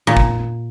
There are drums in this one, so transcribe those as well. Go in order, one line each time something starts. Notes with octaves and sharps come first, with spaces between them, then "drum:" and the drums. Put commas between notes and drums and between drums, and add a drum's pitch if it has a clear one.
A#2
drum: kick